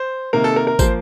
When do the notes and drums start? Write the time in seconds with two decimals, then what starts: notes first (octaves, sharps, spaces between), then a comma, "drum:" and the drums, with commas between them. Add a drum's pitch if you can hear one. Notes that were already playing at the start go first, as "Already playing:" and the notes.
Already playing: C5
0.33 C3 D#3 A#3 A#4
0.44 A4
0.56 A#4
0.67 A#4
0.79 F3 A#3 C5, drum: kick, tambourine